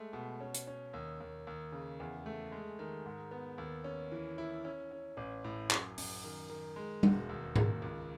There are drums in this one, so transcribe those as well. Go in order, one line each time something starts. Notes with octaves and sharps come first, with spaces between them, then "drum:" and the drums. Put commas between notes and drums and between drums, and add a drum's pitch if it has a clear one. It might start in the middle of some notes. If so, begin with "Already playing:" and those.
Already playing: G#3 A3
B2
C#4
drum: hi-hat
C#4
D#2
D#2
D#2
C#3
E2
A3
G#3
D#3
G#2
B3
D#2
C#4
E3
E4
C#4
C#4
A1
A2
F#2, drum: clap
F#2, drum: open hi-hat
D#3
D#3
G#3
E1, drum: tom G3
D#2
D#2, drum: tom G#2
C#2